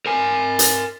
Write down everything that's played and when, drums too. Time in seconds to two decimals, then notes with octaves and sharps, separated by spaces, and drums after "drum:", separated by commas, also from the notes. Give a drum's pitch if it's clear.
0.06 A#4 G#5
0.59 drum: hi-hat